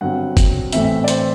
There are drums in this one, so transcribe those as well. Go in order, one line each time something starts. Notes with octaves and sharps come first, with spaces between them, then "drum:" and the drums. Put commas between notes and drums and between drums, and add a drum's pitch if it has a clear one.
G2 D3 F#3 C4 F#5
drum: kick F#1, hi-hat
A2 E3 A3 C4 E5, drum: hi-hat
E5
D5
C5, drum: hi-hat